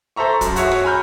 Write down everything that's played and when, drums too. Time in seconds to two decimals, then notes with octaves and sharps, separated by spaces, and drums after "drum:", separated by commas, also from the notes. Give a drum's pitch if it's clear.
0.16 A4 C5 E5 A#5 C#6
0.41 F#2, drum: kick, hi-hat
0.56 F#4 G#4 C#5 E5, drum: hi-hat
0.72 drum: rim click
0.84 G#5 A#5 B5 F6 G6